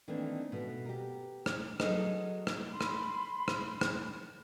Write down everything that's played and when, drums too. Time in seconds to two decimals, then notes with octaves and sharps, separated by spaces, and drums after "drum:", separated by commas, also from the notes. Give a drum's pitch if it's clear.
0.08 D#3 E3 A3 A#3 C4 D4
0.52 B2 A3 B3
0.85 G4 A#4
1.46 drum: rim click
1.80 F#3 D#4 G#4 A4 B4 D#5, drum: rim click
2.47 drum: rim click
2.71 B5 C6
2.81 drum: rim click
3.48 drum: rim click
3.81 drum: rim click